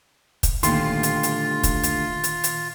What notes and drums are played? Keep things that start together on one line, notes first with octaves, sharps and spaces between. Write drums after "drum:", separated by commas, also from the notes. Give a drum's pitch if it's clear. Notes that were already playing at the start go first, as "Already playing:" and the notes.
drum: kick, hi-hat
A#2 D3 D#3 A3 F4 G4 C6, drum: hi-hat
drum: hi-hat
drum: hi-hat
drum: kick, hi-hat
drum: hi-hat
drum: hi-hat
drum: hi-hat